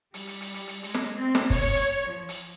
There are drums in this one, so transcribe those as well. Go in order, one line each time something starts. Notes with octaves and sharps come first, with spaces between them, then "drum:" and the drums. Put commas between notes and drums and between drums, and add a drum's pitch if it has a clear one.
G3, drum: hi-hat
drum: hi-hat
drum: hi-hat
drum: hi-hat
drum: hi-hat
G#3, drum: hi-hat
drum: snare
C4
drum: snare
C#5, drum: kick, hi-hat
drum: hi-hat
drum: hi-hat
F3
drum: hi-hat